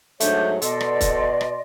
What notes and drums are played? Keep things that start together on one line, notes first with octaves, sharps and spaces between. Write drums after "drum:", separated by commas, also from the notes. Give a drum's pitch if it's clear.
G#2 F#3 A3 D4 C#5 G6, drum: hi-hat
B2 A4 D5 D#5 C6, drum: hi-hat
drum: rim click
drum: kick, hi-hat
drum: rim click